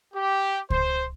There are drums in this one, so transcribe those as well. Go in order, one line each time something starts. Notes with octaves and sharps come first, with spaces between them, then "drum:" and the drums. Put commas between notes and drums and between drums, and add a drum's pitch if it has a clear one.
G4
C5, drum: kick C#2